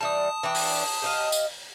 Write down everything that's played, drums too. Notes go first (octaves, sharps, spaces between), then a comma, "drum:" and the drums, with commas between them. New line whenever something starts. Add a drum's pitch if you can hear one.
E3 G3 A5 D#6
E3 D4 G5
drum: open hi-hat
G4 D#5 F5
drum: tambourine